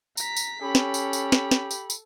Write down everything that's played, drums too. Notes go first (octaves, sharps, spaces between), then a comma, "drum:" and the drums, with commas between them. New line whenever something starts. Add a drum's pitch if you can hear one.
A#5 B6, drum: tambourine
drum: tambourine
C#4 G4 A4 B5
drum: snare
drum: tambourine
drum: tambourine
drum: snare
drum: snare
drum: tambourine
drum: tambourine